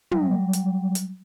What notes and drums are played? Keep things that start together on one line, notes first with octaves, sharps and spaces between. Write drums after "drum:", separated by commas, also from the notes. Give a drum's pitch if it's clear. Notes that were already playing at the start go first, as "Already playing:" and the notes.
F#3 G3, drum: tom
drum: hi-hat
drum: hi-hat